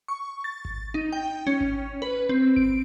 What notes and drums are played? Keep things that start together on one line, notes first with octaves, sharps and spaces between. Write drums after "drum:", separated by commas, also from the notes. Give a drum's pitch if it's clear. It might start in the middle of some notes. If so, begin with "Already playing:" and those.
C#6
A6
drum: kick G#1
D#4
G5
C#4
drum: kick G#1
B4
C4
D7, drum: kick G#1